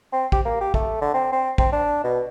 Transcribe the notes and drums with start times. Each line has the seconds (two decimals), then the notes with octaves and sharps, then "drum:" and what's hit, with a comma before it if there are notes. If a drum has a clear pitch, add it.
0.12 C4
0.32 G4, drum: kick
0.45 A#3
0.61 G4
0.74 A3, drum: kick
1.01 D3
1.14 C4
1.32 C4
1.58 C4, drum: kick
1.72 D4
2.04 B2